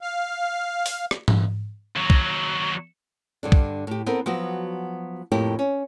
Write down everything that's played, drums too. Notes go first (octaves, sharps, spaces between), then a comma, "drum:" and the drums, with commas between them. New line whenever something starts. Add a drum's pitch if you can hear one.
F5
drum: open hi-hat
drum: rim click
drum: tom G#2
D#2 F#3
drum: kick
G2 D3 D4
drum: kick
A2 G4
B3 C4 A4 A#4
F3 F#3 B3 F#4
F2 A2 A#3 E4 G4
C#4